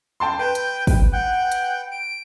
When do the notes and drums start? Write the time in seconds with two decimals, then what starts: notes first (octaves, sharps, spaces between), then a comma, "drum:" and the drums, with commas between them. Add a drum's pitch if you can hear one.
0.20 G5 A5 C6
0.39 B4 G5
0.55 drum: hi-hat
0.87 drum: kick, open hi-hat
1.12 F#5 G5
1.52 drum: hi-hat
1.91 D7